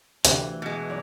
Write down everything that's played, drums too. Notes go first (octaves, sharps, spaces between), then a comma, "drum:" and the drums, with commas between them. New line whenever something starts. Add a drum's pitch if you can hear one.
D2 C3 E3 D4 F5 G5, drum: hi-hat
B2 G#3
F#2 C#5 D5